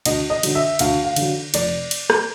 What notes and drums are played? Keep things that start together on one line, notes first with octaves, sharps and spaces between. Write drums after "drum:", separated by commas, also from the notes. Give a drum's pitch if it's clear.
D2 D#5, drum: cymbal
D#5
D3 F#3, drum: cymbal
E5
D2 F5, drum: cymbal
F5
D3 F#3, drum: cymbal
F1 D5, drum: cymbal
drum: cymbal
drum: rim click